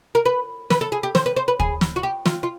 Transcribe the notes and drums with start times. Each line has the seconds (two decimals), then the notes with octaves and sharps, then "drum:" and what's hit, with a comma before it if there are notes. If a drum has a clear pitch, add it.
0.15 A#4
0.25 B4
0.70 B4, drum: snare
0.81 A4
0.92 G#4
1.03 G4
1.15 C5, drum: snare
1.26 B4
1.36 C5
1.48 B4
1.60 G#4, drum: kick
1.81 drum: snare
1.96 F#4
2.03 G4
2.26 F4, drum: snare
2.43 F4